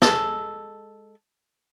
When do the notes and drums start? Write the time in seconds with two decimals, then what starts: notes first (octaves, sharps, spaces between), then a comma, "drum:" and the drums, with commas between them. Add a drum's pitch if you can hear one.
0.02 G#3 A4, drum: snare